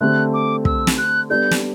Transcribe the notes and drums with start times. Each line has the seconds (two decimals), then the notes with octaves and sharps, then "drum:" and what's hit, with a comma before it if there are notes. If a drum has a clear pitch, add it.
0.01 D3 A3 C4 G4 F#6
0.34 D6
0.65 E6, drum: kick
0.87 drum: snare
0.98 F#6
1.30 G3 B3 D4 A4 G6
1.51 drum: snare